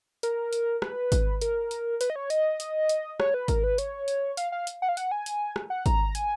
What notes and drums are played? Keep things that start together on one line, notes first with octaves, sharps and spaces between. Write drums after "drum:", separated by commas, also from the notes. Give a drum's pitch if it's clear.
A#4, drum: hi-hat
drum: hi-hat
B4, drum: rim click
drum: kick G#1, hi-hat
A#4, drum: hi-hat
drum: hi-hat
B4, drum: hi-hat
D#5
C#5
D#5, drum: hi-hat
drum: hi-hat
drum: hi-hat
C#5, drum: rim click
B4
A#4, drum: kick G#1, hi-hat
B4
C#5, drum: hi-hat
drum: hi-hat
F5, drum: hi-hat
F5
drum: hi-hat
F#5
F5
F#5, drum: hi-hat
G#5
drum: hi-hat
drum: rim click
F#5
A#5, drum: kick G#1, hi-hat
G#5, drum: hi-hat